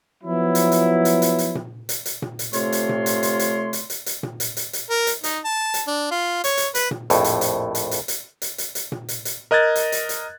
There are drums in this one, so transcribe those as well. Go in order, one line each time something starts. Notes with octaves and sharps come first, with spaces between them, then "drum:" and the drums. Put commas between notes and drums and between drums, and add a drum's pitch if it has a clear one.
F3 F#3 B3 E4
drum: hi-hat
drum: hi-hat
drum: hi-hat
drum: hi-hat
drum: hi-hat
drum: tom A#2
drum: hi-hat
drum: hi-hat
drum: tom A#2
drum: hi-hat
C3 A3 F4 C#5 C6, drum: hi-hat
drum: hi-hat
drum: tom A#2
drum: hi-hat
drum: hi-hat
drum: hi-hat
drum: hi-hat
drum: hi-hat
drum: hi-hat
drum: tom A#2
drum: hi-hat
drum: hi-hat
drum: hi-hat
A#4
drum: hi-hat
D#4, drum: hi-hat
A5
drum: hi-hat
D4
F4
C#5, drum: hi-hat
drum: hi-hat
B4, drum: hi-hat
drum: tom A#2
A#1 F2 A2, drum: hi-hat
drum: hi-hat
drum: hi-hat
drum: hi-hat
drum: hi-hat
drum: hi-hat
drum: hi-hat
drum: hi-hat
drum: hi-hat
drum: tom A#2
drum: hi-hat
drum: hi-hat
A#4 D#5 F#6 G#6 A6
drum: hi-hat
drum: hi-hat
drum: hi-hat